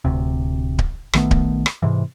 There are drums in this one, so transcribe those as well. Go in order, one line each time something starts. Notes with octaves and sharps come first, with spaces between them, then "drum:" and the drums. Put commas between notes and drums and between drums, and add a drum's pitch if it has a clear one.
D1 D2 C3
drum: kick D1
A#1 D#3 A3 B3, drum: rim click
drum: kick D1
drum: rim click
G#2 C3 E3